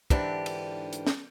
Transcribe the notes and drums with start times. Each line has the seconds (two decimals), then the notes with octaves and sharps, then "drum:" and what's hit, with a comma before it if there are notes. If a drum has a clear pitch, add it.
0.10 G#2 D3 E3 D4 G4, drum: kick
0.46 drum: cymbal
0.93 drum: hi-hat
1.07 drum: snare